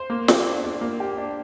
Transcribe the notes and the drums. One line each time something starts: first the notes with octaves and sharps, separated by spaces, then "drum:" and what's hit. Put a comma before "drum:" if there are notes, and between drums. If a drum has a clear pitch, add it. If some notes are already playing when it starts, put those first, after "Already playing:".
Already playing: C5
A#3
G4, drum: snare
D4
D5
A#3
G4
D4